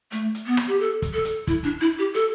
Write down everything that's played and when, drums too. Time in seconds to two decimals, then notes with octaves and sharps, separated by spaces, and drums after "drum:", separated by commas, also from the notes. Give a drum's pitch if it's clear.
0.12 A3, drum: hi-hat
0.35 drum: hi-hat
0.46 B3
0.57 drum: rim click
0.68 G4
0.80 A4
1.02 drum: kick, hi-hat
1.14 A4
1.25 drum: hi-hat
1.47 E4, drum: kick, hi-hat
1.64 D4
1.81 E4
1.99 G4
2.14 A4, drum: hi-hat